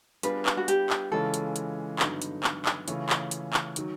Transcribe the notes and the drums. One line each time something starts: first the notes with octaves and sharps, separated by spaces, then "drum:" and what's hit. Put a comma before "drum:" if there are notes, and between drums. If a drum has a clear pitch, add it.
G3 B3 D4 F4 G#4 B4, drum: hi-hat
drum: clap
F#4
G4, drum: hi-hat
drum: clap
C#3 E3 G#3 C#4 F4 A4
drum: hi-hat
drum: hi-hat
G2 D3 F#3 B3 D#4, drum: clap
drum: hi-hat
drum: clap
drum: clap
C#3 E3 A3 C#4 F4, drum: hi-hat
drum: clap
drum: hi-hat
drum: clap
D#3 F#3, drum: hi-hat